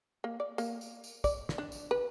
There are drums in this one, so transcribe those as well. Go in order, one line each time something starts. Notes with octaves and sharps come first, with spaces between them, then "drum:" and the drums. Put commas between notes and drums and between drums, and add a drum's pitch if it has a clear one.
A#3
D5
A#3, drum: tambourine
drum: tambourine
drum: tambourine
D5, drum: kick, tambourine
drum: snare
D4
drum: tambourine
B4